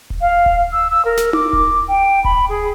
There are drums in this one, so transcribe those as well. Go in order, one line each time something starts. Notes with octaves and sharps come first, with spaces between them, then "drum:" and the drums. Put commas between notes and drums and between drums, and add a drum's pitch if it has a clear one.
drum: kick D1
F5
drum: kick D1
E6
E6
A#4
drum: snare
D6, drum: tom D#4
drum: kick D1
G5
B5, drum: kick D1
G#4